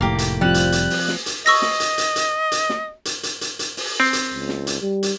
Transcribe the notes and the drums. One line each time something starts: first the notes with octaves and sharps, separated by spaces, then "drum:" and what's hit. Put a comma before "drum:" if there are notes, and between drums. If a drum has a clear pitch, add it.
F1 A2 A#3 G4
drum: hi-hat
F3 G3 C4 F4 F#6
drum: hi-hat
drum: hi-hat
drum: open hi-hat
drum: snare
drum: hi-hat
D#5 C#6 E6 A#6, drum: open hi-hat
drum: snare
drum: hi-hat
drum: hi-hat
drum: hi-hat
drum: hi-hat
drum: snare
drum: hi-hat
drum: hi-hat
drum: hi-hat
drum: hi-hat
drum: open hi-hat
C4
drum: hi-hat
C#2
drum: snare
drum: hi-hat
G3
drum: hi-hat